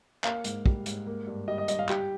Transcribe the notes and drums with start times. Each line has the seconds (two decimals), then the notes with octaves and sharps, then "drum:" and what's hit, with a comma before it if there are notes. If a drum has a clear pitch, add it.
0.24 A#3 F5, drum: clap
0.44 G#2, drum: hi-hat
0.66 G3, drum: kick
0.86 G#2, drum: hi-hat
1.07 A#3
1.27 G2
1.48 G3 D#5
1.58 D#5
1.68 G2 D#5, drum: hi-hat
1.79 F5
1.89 G3 G4, drum: clap